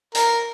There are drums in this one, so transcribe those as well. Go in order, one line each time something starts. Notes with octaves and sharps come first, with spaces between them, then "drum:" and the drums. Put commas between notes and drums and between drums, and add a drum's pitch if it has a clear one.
A#4, drum: hi-hat